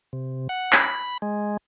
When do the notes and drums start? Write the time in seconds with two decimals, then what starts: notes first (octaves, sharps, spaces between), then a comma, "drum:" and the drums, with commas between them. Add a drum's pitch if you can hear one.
0.13 C3
0.49 F#5
0.72 B5, drum: clap
1.22 G#3